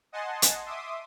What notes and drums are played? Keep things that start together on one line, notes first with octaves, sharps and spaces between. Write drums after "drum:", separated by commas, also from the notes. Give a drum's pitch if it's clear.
D#5 F#5 G#5 A5 C6
drum: hi-hat
E5 C6 D6 D#6